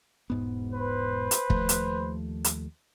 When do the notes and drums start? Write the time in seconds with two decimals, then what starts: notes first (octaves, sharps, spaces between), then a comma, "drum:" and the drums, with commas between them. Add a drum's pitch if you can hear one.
0.30 E1 G#2 B3
0.73 B4 C5
1.31 drum: hi-hat
1.50 D#2 F3 A3, drum: kick
1.69 drum: hi-hat
2.44 drum: hi-hat